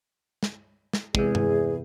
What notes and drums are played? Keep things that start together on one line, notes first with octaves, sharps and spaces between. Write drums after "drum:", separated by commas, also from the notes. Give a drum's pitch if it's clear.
drum: snare
drum: snare
E2 C3 G#3 G#4, drum: kick
drum: tom G2